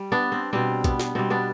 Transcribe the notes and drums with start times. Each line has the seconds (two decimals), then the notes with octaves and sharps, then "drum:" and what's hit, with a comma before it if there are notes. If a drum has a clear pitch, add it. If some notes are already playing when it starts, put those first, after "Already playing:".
Already playing: G3
0.12 B3 D4
0.32 C4
0.53 B2 G3 C4
0.84 B3, drum: kick A#1, hi-hat
1.00 drum: snare
1.15 B2 G3 C4
1.30 B3 D4